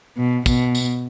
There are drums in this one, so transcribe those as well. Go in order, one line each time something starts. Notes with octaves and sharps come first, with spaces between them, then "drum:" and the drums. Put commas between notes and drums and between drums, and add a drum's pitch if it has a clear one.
B2
B2, drum: kick, tambourine
drum: tambourine